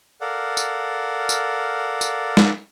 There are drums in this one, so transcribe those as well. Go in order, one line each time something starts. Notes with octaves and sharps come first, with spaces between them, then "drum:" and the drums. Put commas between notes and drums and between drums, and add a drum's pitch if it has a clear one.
A4 A#4 D5 F5 F#5
drum: tambourine
drum: tambourine
drum: tambourine
drum: snare